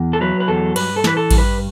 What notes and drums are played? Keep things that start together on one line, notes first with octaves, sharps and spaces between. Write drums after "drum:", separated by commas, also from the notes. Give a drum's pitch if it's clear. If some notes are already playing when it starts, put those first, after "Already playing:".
Already playing: E2
A4
F#3 B4
B4
E2 A4
G2 B4, drum: cymbal
A4
E3 B4, drum: snare
A4
G2, drum: kick A1, cymbal
B4